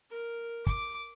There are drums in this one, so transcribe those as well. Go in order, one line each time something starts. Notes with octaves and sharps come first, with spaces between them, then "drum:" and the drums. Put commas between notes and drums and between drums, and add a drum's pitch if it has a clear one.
A#4
D6, drum: kick